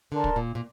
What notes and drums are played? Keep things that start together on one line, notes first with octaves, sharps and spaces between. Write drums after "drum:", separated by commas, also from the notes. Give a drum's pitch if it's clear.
D3 A#4 D5 A5 C6
drum: kick
A#2
A#2